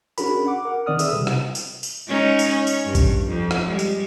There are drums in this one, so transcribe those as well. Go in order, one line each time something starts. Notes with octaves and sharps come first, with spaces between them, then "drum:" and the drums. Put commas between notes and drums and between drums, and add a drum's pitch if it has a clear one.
C#4 D4 F#4 G#4 A#4 B5, drum: tambourine
F#5 D6
A#4 F#5
D#3 C4 D5 D#6 F6
G#4 A4 B4 E5 D#6 E6, drum: tambourine
C3 G3
drum: rim click
drum: tambourine
drum: tambourine
G#3 C#4 D#4
drum: tambourine
C#4
drum: tambourine
G2
drum: kick, tambourine
F2
drum: rim click
G3 G#3
drum: tambourine